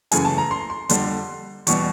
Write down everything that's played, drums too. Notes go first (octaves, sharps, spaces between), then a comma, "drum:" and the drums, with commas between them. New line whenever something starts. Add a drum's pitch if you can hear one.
F#2 C#3 E3 A3 G#5, drum: hi-hat
A5
A#5
C6
C6
F2 D3 G3 C6, drum: hi-hat
E2 B2 G3 C#6, drum: hi-hat